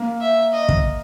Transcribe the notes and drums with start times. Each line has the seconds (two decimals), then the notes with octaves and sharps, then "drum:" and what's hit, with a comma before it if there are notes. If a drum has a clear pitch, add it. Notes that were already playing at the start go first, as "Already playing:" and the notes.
Already playing: A#3
0.21 E5
0.52 D#5
0.69 drum: kick